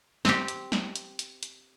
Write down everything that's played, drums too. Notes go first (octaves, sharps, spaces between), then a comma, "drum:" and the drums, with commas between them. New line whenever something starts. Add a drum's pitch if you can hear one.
C4 G4, drum: snare
drum: hi-hat
drum: snare
drum: hi-hat
drum: hi-hat
drum: hi-hat